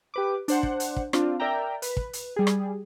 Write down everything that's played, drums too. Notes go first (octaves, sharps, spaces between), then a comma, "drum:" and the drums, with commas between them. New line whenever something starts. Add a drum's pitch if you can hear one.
G4 B4 D6
D4 C5 F#5, drum: hi-hat
drum: kick
drum: hi-hat
drum: kick
C4 D4 F4, drum: rim click
A#4 D5 E5 G5 A#5
B4, drum: hi-hat
drum: kick
drum: hi-hat
G3 G#4
drum: rim click